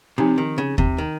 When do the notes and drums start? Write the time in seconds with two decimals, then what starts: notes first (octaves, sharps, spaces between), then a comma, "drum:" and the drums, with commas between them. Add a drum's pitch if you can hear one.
0.18 C3 F3 C4 D#4 G4
0.38 D#3
0.58 C#3
0.78 C3, drum: kick D#2
0.98 D#3